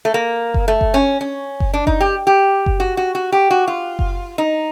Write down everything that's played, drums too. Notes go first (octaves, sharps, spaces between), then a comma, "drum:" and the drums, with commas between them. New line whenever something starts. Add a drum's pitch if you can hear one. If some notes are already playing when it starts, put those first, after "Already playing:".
A3
A#3
drum: kick F#1
A3
drum: kick F#1
C#4
C#4
drum: kick F#1
D4
D#4, drum: kick F#1
G4
G4
drum: kick F#1
F#4
F#4
F#4
G4
F#4
F4
drum: kick F#1
D#4